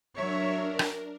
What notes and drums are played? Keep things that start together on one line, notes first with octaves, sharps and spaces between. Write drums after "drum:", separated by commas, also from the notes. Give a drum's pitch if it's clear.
F#3 D4 A#4 C#5 E5
drum: rim click